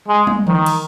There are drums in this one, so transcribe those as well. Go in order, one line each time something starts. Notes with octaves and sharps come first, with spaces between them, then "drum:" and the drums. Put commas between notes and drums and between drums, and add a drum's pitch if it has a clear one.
G#3
drum: tom
D#3, drum: tom E3
drum: cymbal